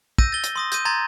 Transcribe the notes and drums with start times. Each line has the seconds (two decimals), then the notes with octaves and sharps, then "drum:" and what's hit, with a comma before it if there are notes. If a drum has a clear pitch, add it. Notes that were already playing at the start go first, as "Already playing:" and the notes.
0.18 E6 G6 A#6 D#7, drum: kick
0.32 A6 G7
0.44 drum: hi-hat
0.56 C6 D#6 A#6
0.72 G6 D#7, drum: hi-hat
0.85 A#5 C6 G#6 A6